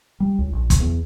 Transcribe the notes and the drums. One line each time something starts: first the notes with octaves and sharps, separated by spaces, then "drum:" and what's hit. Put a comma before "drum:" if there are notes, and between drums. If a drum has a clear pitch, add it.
G3
C#2
A#1
drum: kick, hi-hat
E2